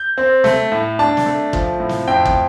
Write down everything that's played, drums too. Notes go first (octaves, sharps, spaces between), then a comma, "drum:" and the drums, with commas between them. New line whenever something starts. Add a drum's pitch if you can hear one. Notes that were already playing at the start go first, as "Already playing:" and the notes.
Already playing: G6
C4
A3, drum: snare
A2
D4 A5
drum: snare
A3
F3, drum: kick
A2
drum: snare
F2 G5
drum: kick